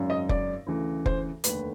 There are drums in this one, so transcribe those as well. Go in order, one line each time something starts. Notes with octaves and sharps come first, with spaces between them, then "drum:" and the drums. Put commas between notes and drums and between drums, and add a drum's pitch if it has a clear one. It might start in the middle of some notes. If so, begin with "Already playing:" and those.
Already playing: G#1 F#2 C#3
D#5
D5, drum: kick F1
D2 C#3 E3
C5, drum: kick F1
F1 D#2 D3 B4, drum: hi-hat